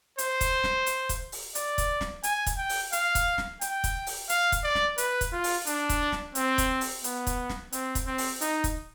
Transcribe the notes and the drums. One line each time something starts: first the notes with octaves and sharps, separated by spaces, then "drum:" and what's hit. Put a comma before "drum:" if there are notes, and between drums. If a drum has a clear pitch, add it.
C5, drum: hi-hat
drum: kick, hi-hat
drum: snare
drum: hi-hat
drum: kick, hi-hat
drum: open hi-hat
D5, drum: hi-hat
drum: kick, hi-hat
drum: snare
G#5, drum: hi-hat
drum: kick, hi-hat
G5
drum: open hi-hat
F5, drum: hi-hat
drum: kick, hi-hat
drum: snare
G5, drum: hi-hat
drum: kick, hi-hat
drum: open hi-hat
F5, drum: hi-hat
drum: kick, hi-hat
D5
drum: snare
B4, drum: hi-hat
drum: kick, hi-hat
F4
drum: open hi-hat
D4, drum: hi-hat
drum: kick, hi-hat
drum: snare
C4, drum: hi-hat
drum: kick, hi-hat
drum: open hi-hat
B3, drum: hi-hat
drum: kick, hi-hat
drum: snare
C4, drum: hi-hat
drum: kick, hi-hat
C4
drum: open hi-hat
D#4, drum: hi-hat
drum: kick, hi-hat